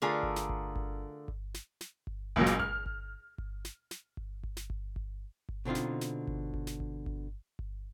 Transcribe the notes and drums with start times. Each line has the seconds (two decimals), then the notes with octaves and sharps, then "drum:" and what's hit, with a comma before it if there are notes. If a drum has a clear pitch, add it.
0.02 D3 A3 F4 G#4 A#4
0.23 drum: kick G1
0.36 drum: snare
0.49 drum: kick G1
0.76 drum: kick G1
1.28 drum: kick G1
1.54 drum: snare
1.81 drum: snare
2.07 drum: kick G1
2.36 C#2 A#2 F#3, drum: kick G1
2.46 drum: snare
2.60 F6, drum: kick G1
2.86 drum: kick G1
3.38 drum: kick G1
3.65 drum: snare
3.91 drum: snare
4.17 drum: kick G1
4.43 drum: kick G1
4.57 drum: snare
4.70 drum: kick G1
4.96 drum: kick G1
5.49 drum: kick G1
5.65 B2 D3 C4 D#4 F4
5.75 drum: snare
6.01 drum: snare
6.27 drum: kick G1
6.54 drum: kick G1
6.67 drum: snare
6.80 drum: kick G1
7.06 drum: kick G1
7.59 drum: kick G1